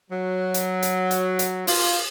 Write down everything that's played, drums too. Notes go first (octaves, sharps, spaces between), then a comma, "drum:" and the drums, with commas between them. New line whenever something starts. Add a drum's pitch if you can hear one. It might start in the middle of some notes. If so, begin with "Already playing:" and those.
F#3
drum: hi-hat
drum: hi-hat
drum: hi-hat
drum: hi-hat
F4, drum: open hi-hat